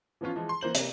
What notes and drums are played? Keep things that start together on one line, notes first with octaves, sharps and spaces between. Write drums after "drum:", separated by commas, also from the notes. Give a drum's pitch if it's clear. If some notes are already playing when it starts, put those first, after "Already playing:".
E3 F3 B3 C#4 F4
E3 F3 G#3
C6
E3 A#3 C5 F#7
C3 A#3, drum: hi-hat